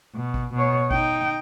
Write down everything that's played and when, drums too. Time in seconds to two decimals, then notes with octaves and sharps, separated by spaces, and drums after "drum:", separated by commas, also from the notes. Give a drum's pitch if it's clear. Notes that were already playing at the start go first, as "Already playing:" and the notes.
0.15 B2
0.34 drum: kick G#1
0.54 B2 C#5
0.91 D#4 G5, drum: kick G#1